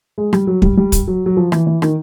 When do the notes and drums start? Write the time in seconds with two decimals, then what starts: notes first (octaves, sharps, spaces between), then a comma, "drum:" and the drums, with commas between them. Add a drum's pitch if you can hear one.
0.18 G#3
0.33 G3, drum: rim click
0.47 F#3
0.62 G3, drum: kick
0.77 G3
0.92 drum: kick, hi-hat
1.07 F#3
1.26 F#3
1.37 F3
1.52 E3, drum: rim click
1.67 E3
1.82 D#3, drum: rim click